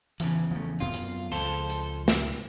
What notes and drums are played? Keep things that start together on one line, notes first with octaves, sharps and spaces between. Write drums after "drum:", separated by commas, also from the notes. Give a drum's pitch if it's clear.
E2 C#3 E3 F3, drum: hi-hat
F3 A3
F#2 B3 C4 F4
drum: hi-hat
C#2 F3 A4 C5
drum: hi-hat
drum: snare